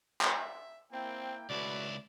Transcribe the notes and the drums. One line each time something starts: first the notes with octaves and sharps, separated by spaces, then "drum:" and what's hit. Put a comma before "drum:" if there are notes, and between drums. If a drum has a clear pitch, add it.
E5, drum: clap
A#3 C4 E4 G5
C#2 A3 E4 F#4 B4 D5